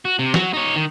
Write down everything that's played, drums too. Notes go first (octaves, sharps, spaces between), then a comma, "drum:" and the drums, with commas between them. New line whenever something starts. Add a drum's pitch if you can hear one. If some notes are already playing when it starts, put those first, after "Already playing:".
F#4
C3
F#3 F#4, drum: snare
D#4 C#5
D#3